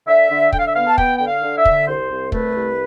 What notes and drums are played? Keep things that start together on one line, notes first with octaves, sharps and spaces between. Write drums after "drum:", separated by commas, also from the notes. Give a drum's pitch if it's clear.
D3 E5
D3
D3 G5, drum: kick
F5
E5
B3 F5
A5
B3 G5, drum: kick
D3 G5
F5
D3
E5
D3, drum: kick
C2 C5
C2
A3 B4, drum: kick
C2